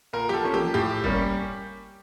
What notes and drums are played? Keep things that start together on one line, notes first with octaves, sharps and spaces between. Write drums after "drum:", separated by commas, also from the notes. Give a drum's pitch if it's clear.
A#2 A#4
G4, drum: snare
A4
F3 A#3 C#4
G4, drum: tom D#3
A2 G4
G3 A#3 C#4, drum: kick